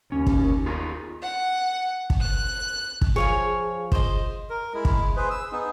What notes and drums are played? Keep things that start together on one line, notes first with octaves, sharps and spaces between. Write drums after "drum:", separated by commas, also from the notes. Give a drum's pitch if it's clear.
D#2 C#4
drum: kick
D#4 F4 G#4
F#5
drum: kick
F#6
drum: kick
F3 G#4 C#5 F5 G#5
C5 D#5, drum: kick
A#4
G#3 E4
drum: kick
G#4 B4 C5
E6
B3 D#4 G#4